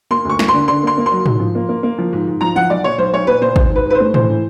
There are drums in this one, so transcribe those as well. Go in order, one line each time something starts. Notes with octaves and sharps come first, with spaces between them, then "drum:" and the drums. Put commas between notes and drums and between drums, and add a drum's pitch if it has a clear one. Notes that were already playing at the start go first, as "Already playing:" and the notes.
A#3 C6
D2 C#6
A#3, drum: snare
C6
D3
D3 C6
A#3 C6
A#3
C6
F#3
G#2, drum: tom
F3
A#3
A#3
A#3
F3
G#2
G#2
F3 A#5
F3 F#5
B1 D5
A#2 C#5
B1 C5
B1 C#5
A#2 B4
A#2 C5
G#2 C5, drum: kick
G#2
B4
G#2 B4
C5
A3
E3 C5, drum: tom
E3